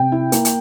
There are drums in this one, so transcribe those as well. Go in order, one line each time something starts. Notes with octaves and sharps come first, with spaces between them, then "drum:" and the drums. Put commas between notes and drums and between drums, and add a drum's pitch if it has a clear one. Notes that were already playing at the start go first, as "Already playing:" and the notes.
Already playing: C3 G5
E4
A#3, drum: hi-hat
drum: hi-hat